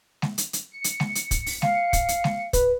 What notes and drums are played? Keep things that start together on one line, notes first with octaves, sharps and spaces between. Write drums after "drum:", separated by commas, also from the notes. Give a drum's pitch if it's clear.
drum: snare G#3
drum: hi-hat
drum: hi-hat
C#7
drum: hi-hat
drum: snare G#3
drum: hi-hat
drum: kick, hi-hat
drum: open hi-hat
F5, drum: snare G#3
drum: kick, hi-hat
drum: hi-hat
drum: snare G#3
B4, drum: kick, hi-hat